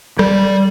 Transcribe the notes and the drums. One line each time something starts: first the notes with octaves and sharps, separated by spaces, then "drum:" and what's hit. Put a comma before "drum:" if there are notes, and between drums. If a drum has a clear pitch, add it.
G3, drum: rim click